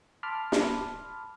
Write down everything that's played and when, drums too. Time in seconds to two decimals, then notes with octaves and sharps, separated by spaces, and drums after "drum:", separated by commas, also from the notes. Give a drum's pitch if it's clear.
0.23 A5 B5 C6 D6 F6
0.52 drum: snare